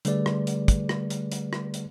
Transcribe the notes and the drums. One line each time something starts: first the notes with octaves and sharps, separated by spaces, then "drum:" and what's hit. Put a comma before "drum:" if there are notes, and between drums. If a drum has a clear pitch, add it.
D3 G3 A3 G#4 B4 D5, drum: hi-hat
drum: rim click
drum: hi-hat
drum: kick, hi-hat
drum: rim click
drum: hi-hat
drum: hi-hat
drum: rim click
drum: hi-hat